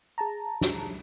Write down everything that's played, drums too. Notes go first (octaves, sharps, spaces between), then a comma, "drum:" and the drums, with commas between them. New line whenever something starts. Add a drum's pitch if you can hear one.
G#4 A5 A#5
drum: snare